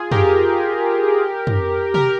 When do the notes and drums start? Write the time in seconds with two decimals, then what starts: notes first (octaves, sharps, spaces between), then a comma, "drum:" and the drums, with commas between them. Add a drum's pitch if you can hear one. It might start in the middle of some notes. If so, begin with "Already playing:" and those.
Already playing: F4 G#4
0.12 G4 A#4, drum: tom
1.47 drum: tom
1.94 G4 A#4, drum: tom